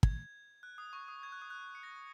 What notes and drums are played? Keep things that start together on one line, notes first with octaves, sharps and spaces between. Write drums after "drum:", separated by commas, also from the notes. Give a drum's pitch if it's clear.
G#6, drum: kick
F#6
D#6
C#6
D#6
G#6
F#6
D#6
F#6
C#7
A#6